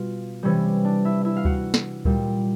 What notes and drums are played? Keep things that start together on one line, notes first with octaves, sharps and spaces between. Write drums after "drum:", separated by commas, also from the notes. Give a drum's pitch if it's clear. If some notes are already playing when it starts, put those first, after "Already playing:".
Already playing: B2 G3 F4 F5
C3 E3 G3 C#4 C#5
D4 D5
E4 E5
E4 E5
F5
F#4 F#5, drum: kick D2
drum: snare
A#2 G3, drum: kick D2